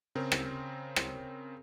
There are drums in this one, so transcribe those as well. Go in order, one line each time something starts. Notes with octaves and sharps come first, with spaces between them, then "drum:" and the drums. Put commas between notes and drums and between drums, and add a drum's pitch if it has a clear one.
C#3 C4 A#4
drum: rim click
drum: rim click